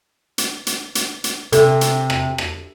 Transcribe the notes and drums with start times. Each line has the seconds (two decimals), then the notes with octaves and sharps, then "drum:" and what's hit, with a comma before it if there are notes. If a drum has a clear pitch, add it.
0.38 drum: hi-hat
0.67 drum: hi-hat
0.95 drum: hi-hat
1.24 drum: hi-hat
1.52 C3 A4, drum: hi-hat
1.81 drum: hi-hat
2.10 drum: rim click
2.38 drum: rim click